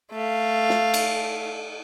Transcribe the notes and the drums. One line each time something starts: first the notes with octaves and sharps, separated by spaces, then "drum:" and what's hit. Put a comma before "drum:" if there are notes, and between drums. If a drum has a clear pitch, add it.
A3 F5
drum: snare
drum: cymbal